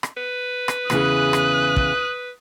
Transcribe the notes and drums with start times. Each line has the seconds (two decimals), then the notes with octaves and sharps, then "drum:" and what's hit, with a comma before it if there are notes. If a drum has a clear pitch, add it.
0.03 drum: rim click
0.17 B4
0.68 drum: rim click
0.90 E2 C#3 G#4 D#6 F#6, drum: rim click
1.33 drum: rim click
1.76 drum: kick